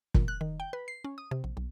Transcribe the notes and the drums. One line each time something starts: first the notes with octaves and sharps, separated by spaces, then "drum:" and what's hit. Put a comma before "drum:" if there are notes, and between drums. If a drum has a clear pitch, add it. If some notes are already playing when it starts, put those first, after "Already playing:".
A#2, drum: kick
F#6
D#3
G5
B4
C7
C#4
D#6
C3
A#1
B1